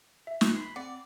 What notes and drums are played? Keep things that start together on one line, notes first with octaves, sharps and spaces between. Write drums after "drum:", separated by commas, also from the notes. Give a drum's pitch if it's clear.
E5
drum: snare
B5 C6
C4 D5 F#5